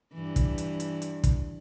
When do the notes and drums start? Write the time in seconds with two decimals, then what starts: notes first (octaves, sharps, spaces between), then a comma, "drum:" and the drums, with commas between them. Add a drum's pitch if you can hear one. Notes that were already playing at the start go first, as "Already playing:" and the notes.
0.14 G2 E3
0.36 drum: kick, hi-hat
0.58 drum: hi-hat
0.80 drum: hi-hat
1.02 drum: hi-hat
1.24 drum: kick, hi-hat